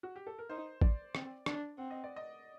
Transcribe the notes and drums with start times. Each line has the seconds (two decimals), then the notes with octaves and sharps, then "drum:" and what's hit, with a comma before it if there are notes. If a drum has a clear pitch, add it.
0.03 F#4
0.16 G4
0.27 A4
0.39 A#4
0.50 D#4 C5
0.82 D5, drum: kick A1
1.15 C4, drum: rim click
1.46 D4, drum: rim click
1.78 C4 F#5
1.91 D#5
2.04 D5
2.16 D#5